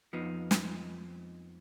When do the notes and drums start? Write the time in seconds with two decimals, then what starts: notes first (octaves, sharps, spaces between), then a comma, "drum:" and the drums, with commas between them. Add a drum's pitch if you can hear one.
0.13 F2 F3 B3 D#4
0.51 drum: snare